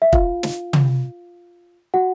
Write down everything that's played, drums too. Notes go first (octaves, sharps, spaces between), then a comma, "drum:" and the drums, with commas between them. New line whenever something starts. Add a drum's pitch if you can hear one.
E5
F4 F5, drum: kick
drum: snare
drum: tom
F#4 F#5